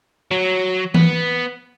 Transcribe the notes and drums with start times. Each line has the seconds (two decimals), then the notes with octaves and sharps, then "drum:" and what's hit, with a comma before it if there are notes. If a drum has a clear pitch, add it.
0.31 F#3
0.94 B3, drum: tom E3